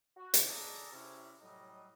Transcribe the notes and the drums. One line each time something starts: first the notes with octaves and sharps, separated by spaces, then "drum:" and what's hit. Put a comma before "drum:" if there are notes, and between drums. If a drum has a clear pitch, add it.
F#4
drum: hi-hat
G#4 A4 D5 D#5 A5 A#5
C3 C#4 E4
A2 F#3 G3 D#5